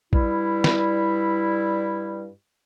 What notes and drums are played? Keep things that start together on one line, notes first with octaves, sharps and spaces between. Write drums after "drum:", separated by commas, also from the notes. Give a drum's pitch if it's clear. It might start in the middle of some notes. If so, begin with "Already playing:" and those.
G2 G3 E4, drum: kick A#1
drum: snare